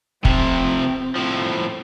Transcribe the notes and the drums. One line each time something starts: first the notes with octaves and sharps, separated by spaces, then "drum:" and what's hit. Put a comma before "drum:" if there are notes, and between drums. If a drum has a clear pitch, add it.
C3 F3 C4, drum: kick
A2 F3